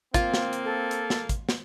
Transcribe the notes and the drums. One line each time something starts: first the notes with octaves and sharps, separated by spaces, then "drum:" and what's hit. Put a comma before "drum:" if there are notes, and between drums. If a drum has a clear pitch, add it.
A#3 C4 F4, drum: kick, hi-hat
drum: snare
drum: hi-hat
A4
drum: hi-hat
drum: snare
drum: kick, hi-hat
drum: snare